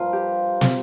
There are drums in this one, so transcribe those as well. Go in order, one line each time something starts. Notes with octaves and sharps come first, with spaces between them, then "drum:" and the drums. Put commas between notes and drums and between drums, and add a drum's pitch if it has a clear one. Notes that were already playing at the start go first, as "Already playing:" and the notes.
Already playing: G2 F3 A#3 F4
G4
drum: snare